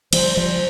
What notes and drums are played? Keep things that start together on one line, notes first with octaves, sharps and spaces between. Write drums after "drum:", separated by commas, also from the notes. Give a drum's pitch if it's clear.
F3 G3 C5, drum: cymbal
F3 G3 C5